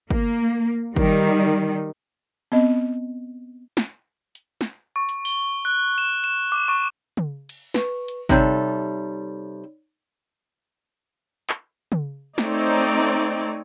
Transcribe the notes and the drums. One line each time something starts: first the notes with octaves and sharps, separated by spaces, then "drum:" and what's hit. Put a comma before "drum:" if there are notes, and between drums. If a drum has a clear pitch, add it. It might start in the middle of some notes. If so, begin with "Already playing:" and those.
A#3, drum: kick
D#3 G3, drum: kick
B3 C4 D#5
drum: snare
drum: hi-hat
drum: snare
C#6
drum: hi-hat
G7, drum: open hi-hat
F#6
E7
E7
D6
C#6
drum: tom C#3
drum: cymbal
B4 C#6, drum: snare
drum: hi-hat
C3 G3 D#4 A4 C#5 D5, drum: kick
drum: clap
drum: tom C#3
A3 C4 D#4 C#5 D5, drum: snare